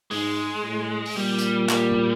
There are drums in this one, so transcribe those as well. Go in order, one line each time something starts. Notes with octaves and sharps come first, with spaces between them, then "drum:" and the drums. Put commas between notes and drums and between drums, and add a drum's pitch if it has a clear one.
G#2 G#3, drum: open hi-hat
A2
drum: open hi-hat
A#2 G3
drum: hi-hat
G3, drum: clap
drum: tom A#2